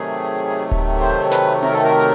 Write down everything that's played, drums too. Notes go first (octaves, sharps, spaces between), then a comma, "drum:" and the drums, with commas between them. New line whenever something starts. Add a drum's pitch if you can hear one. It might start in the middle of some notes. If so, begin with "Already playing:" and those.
Already playing: C3 D#3 F#3 A3 G#4
drum: kick D1
C5
B4, drum: snare
A#4, drum: tom C4
A4
A#4